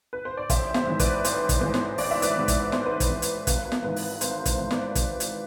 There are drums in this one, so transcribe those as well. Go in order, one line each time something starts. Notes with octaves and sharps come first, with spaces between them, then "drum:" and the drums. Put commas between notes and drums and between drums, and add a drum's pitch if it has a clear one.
B4
C5
D5
A1 C5 E5, drum: kick, hi-hat
C5 E5, drum: snare
G#2 E3
B4 D5, drum: kick, hi-hat
A1 C5, drum: hi-hat
drum: kick, hi-hat
G#2 E3 C5
drum: snare
A1 D5, drum: open hi-hat
E5
B4 D5, drum: hi-hat
G#2 E3
drum: kick, hi-hat
A1 C5, drum: snare
B4
C5, drum: kick, hi-hat
G#2 E3
drum: hi-hat
G#1 B4, drum: kick, hi-hat
drum: snare
G#2 E3 B4
drum: open hi-hat
G#1 C5, drum: hi-hat
C5, drum: kick, hi-hat
G#2 E3
B4 D5, drum: snare
G#1 B4, drum: kick, hi-hat
drum: hi-hat